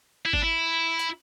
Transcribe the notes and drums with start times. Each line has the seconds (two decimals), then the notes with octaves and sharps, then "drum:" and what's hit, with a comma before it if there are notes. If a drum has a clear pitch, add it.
0.26 E4
0.33 D4, drum: kick G#1
0.42 E4
0.99 drum: hi-hat